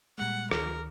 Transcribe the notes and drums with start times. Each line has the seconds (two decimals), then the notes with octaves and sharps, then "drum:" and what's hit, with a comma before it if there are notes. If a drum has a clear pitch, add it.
0.18 A#2 G3 G#3 F#5
0.51 D2 D#3 A#4, drum: rim click